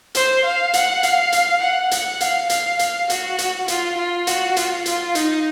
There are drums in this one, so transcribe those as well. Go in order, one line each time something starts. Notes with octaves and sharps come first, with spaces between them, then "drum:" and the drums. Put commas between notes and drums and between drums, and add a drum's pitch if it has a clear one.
C5, drum: hi-hat
F5
F#5, drum: hi-hat
F5, drum: hi-hat
drum: hi-hat
F#5
F#5, drum: hi-hat
F5, drum: hi-hat
F5, drum: hi-hat
F5, drum: hi-hat
F#4, drum: hi-hat
drum: hi-hat
F4, drum: hi-hat
F4
F#4, drum: hi-hat
F4, drum: hi-hat
F4, drum: hi-hat
D#4, drum: hi-hat